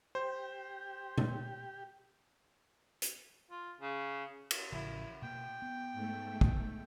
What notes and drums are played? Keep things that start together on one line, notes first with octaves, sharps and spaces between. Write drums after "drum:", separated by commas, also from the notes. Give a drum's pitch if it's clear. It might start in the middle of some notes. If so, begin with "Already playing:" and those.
G4 C5
drum: tom
drum: hi-hat
F4
C#3
drum: cymbal
A1 C#3 F3 E4
B2 A#3 G5
B3
G#2 A3
drum: kick